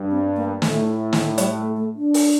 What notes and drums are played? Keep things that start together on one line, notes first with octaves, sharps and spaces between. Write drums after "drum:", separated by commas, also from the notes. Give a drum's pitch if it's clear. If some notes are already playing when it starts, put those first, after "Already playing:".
Already playing: G2
C4
A#3
A2 A3, drum: snare
drum: snare
G3, drum: hi-hat
A3
A3
D4
drum: open hi-hat